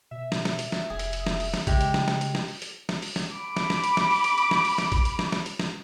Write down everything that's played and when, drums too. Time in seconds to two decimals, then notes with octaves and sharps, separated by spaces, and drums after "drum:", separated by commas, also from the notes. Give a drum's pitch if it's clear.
0.11 B2 E5
0.32 drum: snare
0.45 drum: snare
0.59 drum: hi-hat
0.72 drum: snare
0.90 F1 G#4
0.99 drum: hi-hat
1.13 drum: hi-hat
1.26 drum: snare
1.40 drum: open hi-hat
1.54 drum: snare
1.67 C#3 G#3 G4, drum: kick A1, hi-hat
1.81 drum: hi-hat
1.94 drum: snare
2.08 drum: snare
2.21 drum: hi-hat
2.35 drum: snare
2.48 drum: open hi-hat
2.62 drum: hi-hat
2.89 drum: snare
3.02 drum: open hi-hat
3.16 drum: snare
3.36 B5 D6
3.56 drum: snare
3.70 drum: snare
3.84 drum: hi-hat
3.97 drum: snare
4.11 drum: open hi-hat
4.24 drum: hi-hat
4.38 drum: hi-hat
4.51 drum: snare
4.65 drum: open hi-hat
4.78 drum: snare
4.92 drum: kick A1, hi-hat
5.05 drum: hi-hat
5.19 drum: snare
5.32 drum: snare
5.46 drum: hi-hat
5.59 drum: snare